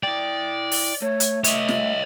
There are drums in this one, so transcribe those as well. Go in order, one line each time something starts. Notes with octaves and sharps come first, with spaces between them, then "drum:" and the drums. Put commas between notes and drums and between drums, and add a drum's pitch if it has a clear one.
E4 D5 G5
drum: open hi-hat
A3 C#5
drum: hi-hat
C#5 D#5 E5, drum: hi-hat
drum: snare